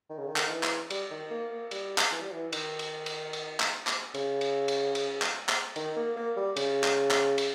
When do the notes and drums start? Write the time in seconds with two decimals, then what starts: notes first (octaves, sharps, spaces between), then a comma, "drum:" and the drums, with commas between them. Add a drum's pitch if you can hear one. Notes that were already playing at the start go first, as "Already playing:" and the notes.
0.10 D#3
0.18 C#3
0.27 D#3
0.36 drum: clap
0.50 E3
0.63 drum: clap
0.90 G3, drum: cymbal
1.11 D#3
1.31 A#3
1.51 A#3
1.71 G3, drum: cymbal
1.98 drum: clap
2.12 E3
2.21 G3
2.32 E3
2.52 D#3, drum: cymbal
2.79 drum: cymbal
3.06 drum: cymbal
3.33 drum: cymbal
3.60 drum: clap
3.87 drum: clap
4.14 C#3, drum: cymbal
4.41 drum: cymbal
4.68 drum: cymbal
4.95 drum: cymbal
5.22 drum: clap
5.49 drum: clap
5.76 D#3, drum: cymbal
5.96 A#3
6.16 A#3
6.37 G3
6.56 C#3, drum: cymbal
6.84 drum: clap
7.11 drum: clap
7.38 drum: cymbal